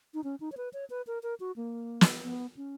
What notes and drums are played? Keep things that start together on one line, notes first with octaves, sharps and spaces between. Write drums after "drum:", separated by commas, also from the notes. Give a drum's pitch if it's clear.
D#4
C#4
D#4
C#5
B4
C#5
B4
A#4
A#4
F#4
A#3
drum: snare
B3
C#4